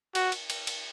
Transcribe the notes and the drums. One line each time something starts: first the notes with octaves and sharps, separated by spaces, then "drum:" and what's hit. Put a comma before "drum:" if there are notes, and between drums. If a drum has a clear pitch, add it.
F#4, drum: cymbal
drum: cymbal
drum: cymbal
drum: cymbal